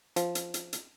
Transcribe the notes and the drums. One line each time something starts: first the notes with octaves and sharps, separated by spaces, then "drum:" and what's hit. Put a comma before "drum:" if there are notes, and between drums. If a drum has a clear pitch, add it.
F3, drum: hi-hat
drum: hi-hat
drum: hi-hat
drum: hi-hat